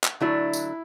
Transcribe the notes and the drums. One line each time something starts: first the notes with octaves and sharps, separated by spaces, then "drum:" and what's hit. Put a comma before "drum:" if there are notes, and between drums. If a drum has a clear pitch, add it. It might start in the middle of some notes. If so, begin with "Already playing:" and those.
drum: clap
D3 F#3 A3 D4 E4
drum: tambourine